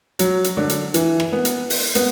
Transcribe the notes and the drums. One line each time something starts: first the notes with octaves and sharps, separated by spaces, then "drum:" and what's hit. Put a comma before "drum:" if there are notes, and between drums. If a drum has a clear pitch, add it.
F#3, drum: hi-hat
drum: hi-hat
D3
drum: hi-hat
E3, drum: hi-hat
drum: rim click
B3
drum: hi-hat
drum: open hi-hat
B3, drum: hi-hat